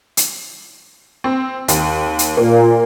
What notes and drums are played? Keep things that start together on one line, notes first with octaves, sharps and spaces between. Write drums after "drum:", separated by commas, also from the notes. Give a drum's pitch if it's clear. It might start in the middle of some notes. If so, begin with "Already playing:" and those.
drum: hi-hat
C4
D#2, drum: hi-hat
drum: hi-hat
A#2 A#3